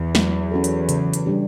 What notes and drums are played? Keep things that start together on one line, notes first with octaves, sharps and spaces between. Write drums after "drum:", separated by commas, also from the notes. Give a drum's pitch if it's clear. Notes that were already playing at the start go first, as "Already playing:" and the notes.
Already playing: E2
F#3, drum: snare
C#4 F#4 A4
drum: hi-hat
C#3, drum: hi-hat
drum: hi-hat
G3 D4 G4